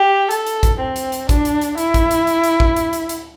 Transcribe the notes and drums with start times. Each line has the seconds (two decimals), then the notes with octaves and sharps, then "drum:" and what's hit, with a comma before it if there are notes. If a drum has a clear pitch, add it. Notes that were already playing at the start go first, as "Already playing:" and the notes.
Already playing: G4
0.31 A4, drum: hi-hat
0.47 drum: hi-hat
0.63 drum: kick A1, hi-hat
0.80 C4
0.96 drum: hi-hat
1.12 drum: hi-hat
1.29 D4, drum: kick A1, hi-hat
1.45 drum: hi-hat
1.61 drum: hi-hat
1.78 E4, drum: hi-hat
1.94 drum: kick A1, hi-hat
2.11 drum: hi-hat
2.27 drum: hi-hat
2.44 drum: hi-hat
2.60 drum: kick A1
2.76 drum: hi-hat
2.93 drum: hi-hat
3.09 drum: hi-hat